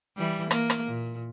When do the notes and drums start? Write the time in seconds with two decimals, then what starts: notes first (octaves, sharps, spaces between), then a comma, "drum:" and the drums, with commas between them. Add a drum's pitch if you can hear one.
0.17 E3 G3
0.51 A#3, drum: rim click
0.70 drum: rim click
0.86 A#2